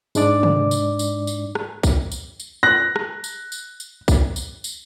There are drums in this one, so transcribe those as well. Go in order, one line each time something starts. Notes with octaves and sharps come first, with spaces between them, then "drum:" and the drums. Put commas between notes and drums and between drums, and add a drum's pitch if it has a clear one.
G#2 G#3 D4 D5 D6, drum: tambourine
drum: tom
drum: tambourine
drum: tambourine
drum: tambourine
drum: rim click
drum: kick, tambourine
drum: tambourine
drum: tambourine
F#6 A#6
drum: rim click
drum: tambourine
drum: tambourine
drum: tambourine
drum: kick, tambourine
drum: tambourine
drum: tambourine